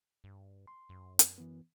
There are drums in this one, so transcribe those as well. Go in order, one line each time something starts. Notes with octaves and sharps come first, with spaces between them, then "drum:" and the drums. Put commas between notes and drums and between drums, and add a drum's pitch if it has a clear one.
G2
C6
F#2
drum: hi-hat
E3 B3